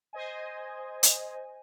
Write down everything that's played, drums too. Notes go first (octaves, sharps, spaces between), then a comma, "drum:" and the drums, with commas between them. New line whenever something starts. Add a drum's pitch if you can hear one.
C5 D#5 G#5
drum: hi-hat